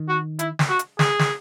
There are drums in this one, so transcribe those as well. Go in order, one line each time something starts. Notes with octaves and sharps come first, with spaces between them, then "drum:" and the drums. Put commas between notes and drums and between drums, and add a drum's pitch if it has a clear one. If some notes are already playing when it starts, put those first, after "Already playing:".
Already playing: D#3
F#4
E4, drum: hi-hat
drum: snare
F#4
drum: hi-hat
G#4, drum: snare
drum: snare